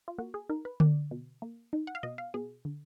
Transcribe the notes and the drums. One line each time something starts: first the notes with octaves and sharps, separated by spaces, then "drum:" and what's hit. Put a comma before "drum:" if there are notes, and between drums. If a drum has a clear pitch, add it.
F4
A#3 F#4
G#4
D#4 A#4
B4
B2 D5, drum: tom D3
B2
A#3
D#4
F#5
F5
B2 D#5
F5
B2 G#4
D3